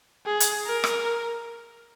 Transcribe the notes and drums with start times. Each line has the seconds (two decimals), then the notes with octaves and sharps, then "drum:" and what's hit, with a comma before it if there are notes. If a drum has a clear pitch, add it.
0.26 G#4
0.40 drum: hi-hat
0.66 A#4
0.84 drum: rim click